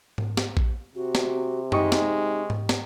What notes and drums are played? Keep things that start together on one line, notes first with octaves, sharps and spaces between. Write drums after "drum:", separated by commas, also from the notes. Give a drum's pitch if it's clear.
drum: tom G#2
drum: snare
drum: kick A#1
C3 F#4
drum: snare
G#3 D#4 G4 D#5 C#6, drum: tom F#2
drum: snare
drum: tom G#2
drum: snare